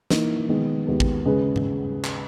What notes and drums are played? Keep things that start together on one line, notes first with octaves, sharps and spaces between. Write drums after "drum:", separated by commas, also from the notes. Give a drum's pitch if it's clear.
E3 A#3 D#4, drum: snare
D#3 G#3 B3
D#2 D#3 G#3 B3
drum: kick
C#3 G#3 C#4 G#4 B4
drum: tom G#2
drum: clap